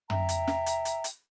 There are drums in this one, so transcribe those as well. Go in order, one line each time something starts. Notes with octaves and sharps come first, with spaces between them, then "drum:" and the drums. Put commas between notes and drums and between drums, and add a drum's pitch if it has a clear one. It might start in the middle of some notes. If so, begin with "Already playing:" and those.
E5 G5 A#5, drum: tom
drum: hi-hat
drum: snare
drum: hi-hat
drum: hi-hat
drum: hi-hat